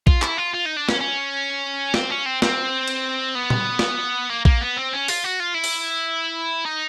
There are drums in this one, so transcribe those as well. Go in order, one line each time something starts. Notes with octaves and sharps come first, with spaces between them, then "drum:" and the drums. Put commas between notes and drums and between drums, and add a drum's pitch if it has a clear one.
F4, drum: kick A#1
E4, drum: clap
F4
F4
D#4
D4
C#4, drum: snare
C#4
C4, drum: snare
C#4
C4
C4, drum: snare
drum: cymbal
B3
drum: tom
drum: snare
A#3
A#3, drum: kick A#1
B3
C4
C#4
F4, drum: open hi-hat
F#4
F4
E4
drum: open hi-hat
D#4